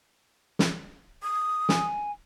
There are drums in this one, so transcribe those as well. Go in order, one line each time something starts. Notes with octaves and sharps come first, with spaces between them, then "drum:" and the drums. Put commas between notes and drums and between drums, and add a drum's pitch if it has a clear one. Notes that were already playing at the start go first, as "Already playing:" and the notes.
drum: snare
D#6
G#5, drum: snare